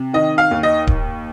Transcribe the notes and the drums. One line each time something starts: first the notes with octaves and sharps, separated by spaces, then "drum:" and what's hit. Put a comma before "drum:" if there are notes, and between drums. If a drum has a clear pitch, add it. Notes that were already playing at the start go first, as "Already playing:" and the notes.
Already playing: C3
D#3 D#5
F5
D#2
D#5
drum: kick D1